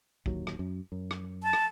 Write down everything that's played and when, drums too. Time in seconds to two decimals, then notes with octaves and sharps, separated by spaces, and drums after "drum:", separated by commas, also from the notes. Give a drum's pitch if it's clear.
0.26 D1 D#2 F#3, drum: kick
0.47 drum: rim click
0.59 F#2
0.92 F#2
1.11 drum: rim click
1.43 A5
1.53 drum: rim click